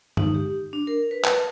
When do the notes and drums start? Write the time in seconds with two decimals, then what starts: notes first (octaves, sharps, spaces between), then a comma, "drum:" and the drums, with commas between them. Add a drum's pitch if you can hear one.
0.17 D#4, drum: tom
0.35 G4
0.73 D4
0.87 A#4
1.11 B4
1.24 A5, drum: clap